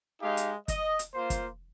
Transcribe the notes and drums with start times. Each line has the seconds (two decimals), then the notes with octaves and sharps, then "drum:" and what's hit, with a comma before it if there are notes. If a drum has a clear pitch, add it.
0.21 G#3 D#4 G4 F5
0.37 drum: hi-hat
0.68 D#5, drum: kick, hi-hat
0.99 drum: hi-hat
1.14 A#3 F4 C5
1.30 drum: kick, hi-hat